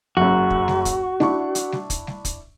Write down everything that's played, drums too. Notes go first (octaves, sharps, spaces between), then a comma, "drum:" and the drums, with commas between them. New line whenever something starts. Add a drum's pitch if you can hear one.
F#1 F#2 F#4
drum: kick
drum: snare G3
drum: kick, hi-hat
D4 E4 C#6, drum: snare G3
drum: hi-hat
drum: snare G3
drum: kick, hi-hat
drum: snare G3
drum: kick, hi-hat